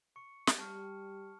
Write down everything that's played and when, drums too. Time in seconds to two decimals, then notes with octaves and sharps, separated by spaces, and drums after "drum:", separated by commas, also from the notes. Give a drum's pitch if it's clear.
0.16 C#6 C#7
0.47 drum: snare
0.58 G3 G4 A5 C#6 F6